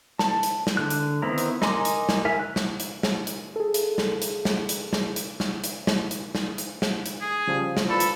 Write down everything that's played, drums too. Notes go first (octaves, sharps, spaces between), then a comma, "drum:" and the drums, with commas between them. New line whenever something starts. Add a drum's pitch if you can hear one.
A5, drum: snare
drum: hi-hat
drum: snare
D3 F#6
drum: hi-hat
D#3 B3 C4 E4 A#4
drum: hi-hat
D#4 A#4 G#5 C6 D6, drum: snare
drum: hi-hat
drum: snare
A#4 E5 G#5
F#6
drum: snare
drum: hi-hat
drum: snare
drum: hi-hat
G#4 A4
drum: hi-hat
drum: snare
drum: hi-hat
drum: snare
drum: hi-hat
drum: snare
drum: hi-hat
drum: snare
drum: hi-hat
drum: snare
drum: hi-hat
drum: snare
drum: hi-hat
drum: snare
drum: hi-hat
G#4
C#3 F3 G3 G4
drum: snare
A4 B4 C5 D5 B5
drum: hi-hat